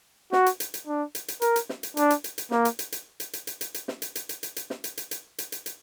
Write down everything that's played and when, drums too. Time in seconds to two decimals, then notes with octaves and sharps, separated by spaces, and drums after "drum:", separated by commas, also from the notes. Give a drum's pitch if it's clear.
0.32 F#4, drum: snare
0.46 drum: hi-hat
0.60 drum: hi-hat
0.74 drum: hi-hat
0.87 D4
1.15 drum: hi-hat
1.28 drum: hi-hat
1.42 A#4, drum: hi-hat
1.56 drum: hi-hat
1.69 drum: snare
1.83 drum: hi-hat
1.97 D4, drum: hi-hat
2.10 drum: hi-hat
2.24 drum: hi-hat
2.38 drum: hi-hat
2.51 A#3, drum: snare
2.65 drum: hi-hat
2.79 drum: hi-hat
2.92 drum: hi-hat
3.20 drum: hi-hat
3.33 drum: hi-hat
3.47 drum: hi-hat
3.61 drum: hi-hat
3.74 drum: hi-hat
3.88 drum: snare
4.02 drum: hi-hat
4.15 drum: hi-hat
4.29 drum: hi-hat
4.43 drum: hi-hat
4.56 drum: hi-hat
4.70 drum: snare
4.84 drum: hi-hat
4.97 drum: hi-hat
5.11 drum: hi-hat
5.38 drum: hi-hat
5.52 drum: hi-hat
5.66 drum: hi-hat